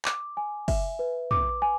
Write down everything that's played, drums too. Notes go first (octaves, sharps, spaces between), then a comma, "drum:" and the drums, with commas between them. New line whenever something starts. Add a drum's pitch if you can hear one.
D6, drum: clap
G#5
E5, drum: kick, open hi-hat
B4
D6, drum: tom
G#5